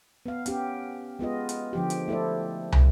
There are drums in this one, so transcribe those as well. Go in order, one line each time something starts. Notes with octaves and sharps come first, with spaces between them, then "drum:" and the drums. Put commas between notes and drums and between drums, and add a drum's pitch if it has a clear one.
B3 F5
B3 C#4 G4, drum: hi-hat
G#3 B3 F4 D#5
drum: hi-hat
D3 F3 G4
drum: hi-hat
A3 E4 A4 C5 D5
drum: tom